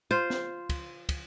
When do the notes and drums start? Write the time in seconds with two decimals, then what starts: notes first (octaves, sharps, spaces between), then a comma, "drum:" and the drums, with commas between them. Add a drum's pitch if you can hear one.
0.11 F4 C5
0.30 drum: snare
0.69 drum: kick, cymbal
1.09 drum: kick, cymbal